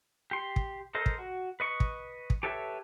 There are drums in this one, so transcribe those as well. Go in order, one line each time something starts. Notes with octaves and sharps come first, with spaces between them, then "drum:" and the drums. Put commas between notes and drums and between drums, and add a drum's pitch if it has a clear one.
G4 C6
drum: kick
A4 A#4 C5 D#5
drum: kick
F#4
B4 D#5 C#6
drum: kick
drum: kick
G4 A4 B4 C#5 E5